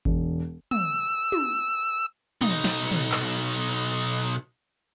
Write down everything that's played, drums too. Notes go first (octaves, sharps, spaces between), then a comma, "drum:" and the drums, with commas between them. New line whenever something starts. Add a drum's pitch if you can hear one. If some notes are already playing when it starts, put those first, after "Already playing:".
E1, drum: kick G1
E6, drum: tom
drum: tom
B1 D#4, drum: tom
drum: snare
drum: tom
drum: clap